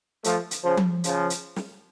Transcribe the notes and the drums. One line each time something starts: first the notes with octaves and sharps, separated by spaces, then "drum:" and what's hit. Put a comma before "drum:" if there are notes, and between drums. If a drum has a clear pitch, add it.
F3 A3, drum: hi-hat
drum: hi-hat
C#3 F3
drum: tom F3
C#3 F3, drum: hi-hat
drum: hi-hat
drum: snare